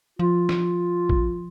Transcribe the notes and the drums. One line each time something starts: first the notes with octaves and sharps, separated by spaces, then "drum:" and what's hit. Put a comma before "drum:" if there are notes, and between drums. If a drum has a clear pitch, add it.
F3 F4
drum: snare
drum: kick A1